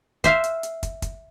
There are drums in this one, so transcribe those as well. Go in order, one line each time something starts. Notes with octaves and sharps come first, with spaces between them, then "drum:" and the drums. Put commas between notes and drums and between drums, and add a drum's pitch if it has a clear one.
C5 E5 F5, drum: kick, hi-hat
drum: hi-hat
drum: hi-hat
drum: kick, hi-hat
drum: kick, hi-hat